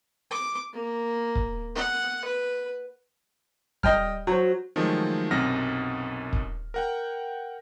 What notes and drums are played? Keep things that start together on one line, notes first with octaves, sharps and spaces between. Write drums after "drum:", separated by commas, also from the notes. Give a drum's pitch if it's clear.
D6
A#3
drum: kick
F#5
B4
G3 D#5 G5 F6, drum: kick
F#3 F#4 C5
D#3 F3 F#3 G#3 A3
B1 F#2 C3 F#5 F6 A#6
drum: kick
A#4 F#5 G5